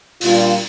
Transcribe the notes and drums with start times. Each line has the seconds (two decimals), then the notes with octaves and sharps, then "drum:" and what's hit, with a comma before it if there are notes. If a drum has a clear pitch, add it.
0.21 A#2 G3 A#3 D4 F4, drum: open hi-hat